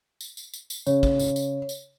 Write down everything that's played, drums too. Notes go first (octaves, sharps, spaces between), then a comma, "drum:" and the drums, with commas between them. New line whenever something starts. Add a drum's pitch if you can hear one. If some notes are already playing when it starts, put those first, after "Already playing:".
drum: tambourine
drum: tambourine
drum: tambourine
drum: tambourine
C#3 C#5, drum: tambourine
drum: kick
drum: tambourine
drum: tambourine
drum: tambourine